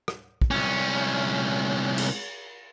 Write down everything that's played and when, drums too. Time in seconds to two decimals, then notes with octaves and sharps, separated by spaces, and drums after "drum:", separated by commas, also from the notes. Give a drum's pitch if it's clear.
0.08 drum: rim click
0.42 drum: kick
0.51 C2 C#4
1.98 drum: cymbal